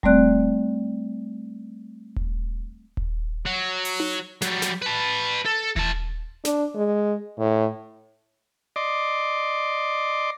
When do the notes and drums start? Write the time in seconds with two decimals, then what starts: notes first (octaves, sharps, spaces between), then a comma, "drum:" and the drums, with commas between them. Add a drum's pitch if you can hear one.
0.03 G3 A3 C4 D5 F#6, drum: kick D#1
2.16 drum: kick D#1
2.97 drum: kick D#1
3.46 F#3
3.85 drum: open hi-hat
4.00 drum: tom D#4
4.42 F#3 G3, drum: snare
4.62 drum: snare
4.82 B4 A5
5.45 A4
5.76 E3 A5, drum: kick D#1
6.45 D4, drum: snare
6.75 G#3
7.39 A2
8.76 D5 D#5 C6 D6